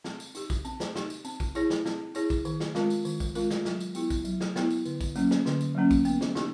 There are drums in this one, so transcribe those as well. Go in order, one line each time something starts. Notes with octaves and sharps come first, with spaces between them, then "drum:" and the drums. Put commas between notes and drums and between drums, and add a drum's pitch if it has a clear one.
C4, drum: snare
drum: tambourine
D#4 G4, drum: tambourine
drum: kick A#1, tambourine
C4, drum: tambourine
drum: snare
D#4 G4, drum: snare
drum: tambourine
C4, drum: tambourine
drum: kick A#1, tambourine
E4 G#4 C#5, drum: tambourine
drum: snare
C4, drum: snare
E4 G#4 C#5, drum: tambourine
drum: kick A#1, tambourine
D#3, drum: tambourine
drum: snare
G#3 C4 F4 A#4, drum: snare
drum: tambourine
D#3, drum: tambourine
drum: kick A#1, tambourine
G#3 C4 F4 A#4, drum: tambourine
drum: snare
F#3, drum: snare
drum: tambourine
B3 E4 G4, drum: tambourine
drum: kick A#1, tambourine
F#3, drum: tambourine
drum: snare
B3 E4 G4, drum: snare
drum: tambourine
D3, drum: tambourine
drum: kick A#1, tambourine
F#3 A#3 C#4, drum: tambourine
drum: snare
D3, drum: snare
drum: tambourine
F#3 A#3 C#4
drum: kick A#1, tambourine
B3, drum: tambourine
drum: snare
D#4 G4, drum: snare